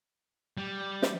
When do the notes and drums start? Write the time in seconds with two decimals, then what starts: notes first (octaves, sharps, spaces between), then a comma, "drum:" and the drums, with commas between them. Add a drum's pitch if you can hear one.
0.58 G3
1.02 drum: snare